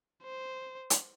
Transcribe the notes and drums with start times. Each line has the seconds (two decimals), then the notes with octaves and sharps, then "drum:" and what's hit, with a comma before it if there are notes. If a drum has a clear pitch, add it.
0.24 C5
0.90 drum: hi-hat